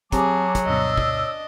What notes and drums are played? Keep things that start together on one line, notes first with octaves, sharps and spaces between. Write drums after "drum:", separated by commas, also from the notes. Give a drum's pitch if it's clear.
F#3 C4 G4 G#4 A5 D6, drum: kick, hi-hat
drum: kick, hi-hat
D2 G2 B2 D4 C#5 D#5 E6
drum: kick